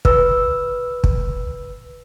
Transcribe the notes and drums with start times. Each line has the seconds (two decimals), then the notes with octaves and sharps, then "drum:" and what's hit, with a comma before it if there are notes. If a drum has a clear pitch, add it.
0.05 B4 E6, drum: kick
1.04 drum: kick